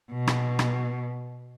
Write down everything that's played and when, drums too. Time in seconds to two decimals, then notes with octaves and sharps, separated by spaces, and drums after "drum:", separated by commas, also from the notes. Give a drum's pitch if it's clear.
0.12 B2
0.27 drum: rim click
0.59 drum: rim click